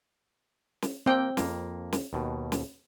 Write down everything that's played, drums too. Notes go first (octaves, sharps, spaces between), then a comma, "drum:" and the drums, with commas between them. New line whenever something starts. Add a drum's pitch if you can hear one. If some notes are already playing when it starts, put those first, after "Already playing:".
drum: snare
A#3 C4 G5
F2 A#3, drum: snare
drum: snare
D#2 B2
drum: snare